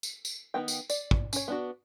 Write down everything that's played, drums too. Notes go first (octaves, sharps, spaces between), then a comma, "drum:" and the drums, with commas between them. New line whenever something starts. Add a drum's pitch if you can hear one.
drum: tambourine
drum: tambourine
D#3 E3 B3 G5
drum: tambourine
D5, drum: tambourine
drum: kick
C#4 C#5, drum: tambourine
B3 D4 F#4